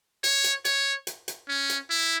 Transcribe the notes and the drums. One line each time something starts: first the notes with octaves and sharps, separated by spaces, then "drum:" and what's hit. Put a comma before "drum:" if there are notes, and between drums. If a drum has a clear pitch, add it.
C#5, drum: hi-hat
drum: hi-hat
C#5, drum: hi-hat
drum: hi-hat
drum: hi-hat
C#4
drum: hi-hat
E4